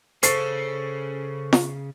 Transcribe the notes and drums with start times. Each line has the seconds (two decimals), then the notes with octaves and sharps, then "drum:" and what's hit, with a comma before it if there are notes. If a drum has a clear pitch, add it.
0.23 C#3 A4 C5 C#6 A6 C7, drum: hi-hat
1.53 drum: snare F4